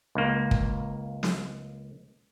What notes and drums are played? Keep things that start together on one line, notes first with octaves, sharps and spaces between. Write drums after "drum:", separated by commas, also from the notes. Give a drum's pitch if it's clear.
C#2 A#3
drum: kick
drum: snare